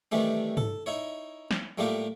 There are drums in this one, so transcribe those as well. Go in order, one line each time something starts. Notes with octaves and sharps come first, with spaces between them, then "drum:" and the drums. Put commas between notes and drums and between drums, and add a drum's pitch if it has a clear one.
C3 D#3 E3 G3 A3 D4
A4, drum: tom
D#4 E4 C#5
drum: snare
A2 G3 A3 A#3 F4 G4